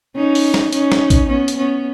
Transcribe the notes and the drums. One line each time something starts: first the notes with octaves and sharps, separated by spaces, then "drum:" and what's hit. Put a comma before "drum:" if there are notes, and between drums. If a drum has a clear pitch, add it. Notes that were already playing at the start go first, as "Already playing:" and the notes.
C#4 D#4
drum: open hi-hat
drum: snare
C#4 D#4, drum: hi-hat
drum: snare
drum: kick A#1, hi-hat
B3 C#4
drum: hi-hat
B3 C#4